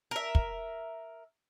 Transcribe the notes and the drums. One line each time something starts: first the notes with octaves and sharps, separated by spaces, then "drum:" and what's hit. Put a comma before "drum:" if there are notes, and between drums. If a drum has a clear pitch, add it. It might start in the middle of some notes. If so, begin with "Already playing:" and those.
A#4 E5
drum: kick